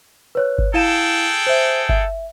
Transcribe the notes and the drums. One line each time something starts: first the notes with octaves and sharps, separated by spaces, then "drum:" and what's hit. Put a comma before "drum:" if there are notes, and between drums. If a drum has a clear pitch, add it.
B4 C#5 F#6
drum: kick G1
E4 G#4 A4 F5 G5 E7
C5 E5
E5, drum: kick G1